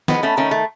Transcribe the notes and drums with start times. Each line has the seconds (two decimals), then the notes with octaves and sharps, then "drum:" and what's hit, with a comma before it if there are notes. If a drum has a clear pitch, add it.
0.08 G#3 B3, drum: snare
0.23 A3 C#4
0.37 D#3 A3 C#4
0.51 A3